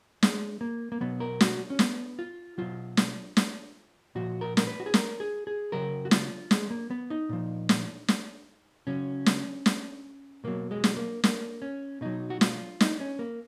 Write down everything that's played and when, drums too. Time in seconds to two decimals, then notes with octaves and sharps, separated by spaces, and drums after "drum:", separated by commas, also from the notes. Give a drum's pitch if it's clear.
0.23 G#3, drum: snare
0.61 A#3
0.92 A#3
1.01 B2 F#3 B3
1.20 A#4
1.41 F#4, drum: snare
1.70 C#4
1.79 B3, drum: snare
2.19 F4
2.58 B2 F#3 F4
2.97 drum: snare
3.37 drum: snare
4.15 A#2 F3 F#4
4.41 A#4
4.57 A#4, drum: snare
4.67 B4
4.80 F#4
4.86 G#4
4.94 A#4, drum: snare
5.20 G#4
5.47 G#4
5.72 C#3 F#3 A#4
6.05 F#4
6.11 F4, drum: snare
6.51 G#3, drum: snare
6.71 A#3
6.91 B3
7.10 D#4
7.29 A#2 F3
7.69 drum: snare
8.08 drum: snare
8.87 C#3 F#3 C#4
9.26 drum: snare
9.66 drum: snare
10.44 B2 F#3 A#3
10.71 G#3
10.84 drum: snare
10.97 A#3
11.24 A#3, drum: snare
11.62 C#4
12.01 B2 F#3 D#4
12.30 F#4
12.41 F4, drum: snare
12.81 D#4, drum: snare
13.00 C#4
13.19 A#3